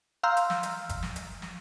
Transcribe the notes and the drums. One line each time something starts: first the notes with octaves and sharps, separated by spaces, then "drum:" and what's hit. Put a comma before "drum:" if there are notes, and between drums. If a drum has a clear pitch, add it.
F5 A#5 C6 E6 F6 G6
drum: hi-hat
drum: snare
drum: hi-hat
drum: kick F#1, hi-hat
drum: snare
drum: hi-hat
drum: snare